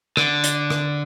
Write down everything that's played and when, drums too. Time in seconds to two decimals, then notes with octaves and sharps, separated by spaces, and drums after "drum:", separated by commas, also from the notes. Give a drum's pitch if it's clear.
0.17 D3, drum: rim click
0.44 drum: hi-hat
0.70 drum: rim click